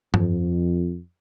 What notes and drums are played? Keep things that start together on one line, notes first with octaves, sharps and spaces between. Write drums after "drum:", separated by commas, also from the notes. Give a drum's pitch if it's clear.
F2, drum: tom G2